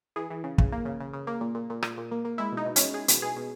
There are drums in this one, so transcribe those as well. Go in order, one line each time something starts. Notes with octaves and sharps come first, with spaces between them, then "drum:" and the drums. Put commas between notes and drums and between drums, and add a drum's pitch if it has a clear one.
E3 G#4
E3
C#3
C#3, drum: kick
A#3
C#3
C#3
C#3
A#3
A#2
A#2
A#2
A#2, drum: rim click
A#2
A#3
A#3
G#3 E4
B2
D#4
B2
G#3 C#4, drum: hi-hat
G#3 G#4
B2, drum: hi-hat
B2 G#4
B2